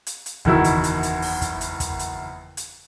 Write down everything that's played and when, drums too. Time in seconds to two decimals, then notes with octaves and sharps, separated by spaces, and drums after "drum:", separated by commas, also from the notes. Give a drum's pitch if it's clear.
0.07 drum: hi-hat
0.26 drum: hi-hat
0.45 F#1 E2 D#3 E4 F#4 E6, drum: kick
0.64 drum: hi-hat
0.84 drum: hi-hat
1.03 drum: hi-hat
1.22 drum: open hi-hat
1.41 drum: kick, hi-hat
1.61 drum: hi-hat
1.80 drum: kick, hi-hat
1.99 drum: hi-hat
2.57 drum: hi-hat